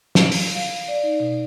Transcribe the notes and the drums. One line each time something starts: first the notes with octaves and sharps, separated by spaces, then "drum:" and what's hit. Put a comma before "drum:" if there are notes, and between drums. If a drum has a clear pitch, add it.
F5, drum: snare
drum: open hi-hat
F5
D5
D#4
B2